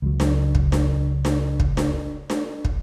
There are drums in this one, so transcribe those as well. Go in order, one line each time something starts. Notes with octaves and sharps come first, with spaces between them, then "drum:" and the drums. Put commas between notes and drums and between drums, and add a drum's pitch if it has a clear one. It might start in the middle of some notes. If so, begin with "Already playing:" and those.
C#2 F#3
drum: snare D4
drum: kick
drum: snare D4
drum: snare D4
drum: kick
drum: snare D4
drum: snare D4
drum: kick